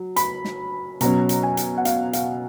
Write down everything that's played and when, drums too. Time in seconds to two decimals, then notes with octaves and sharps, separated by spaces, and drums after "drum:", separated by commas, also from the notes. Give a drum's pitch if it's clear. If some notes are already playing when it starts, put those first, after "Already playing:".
Already playing: F#3
0.16 B5, drum: hi-hat
0.45 drum: snare
1.01 B2 F#3 C#4 A#5, drum: hi-hat
1.29 drum: hi-hat
1.43 G#5
1.57 drum: hi-hat
1.78 F#5
1.85 F5, drum: hi-hat
2.13 F5, drum: hi-hat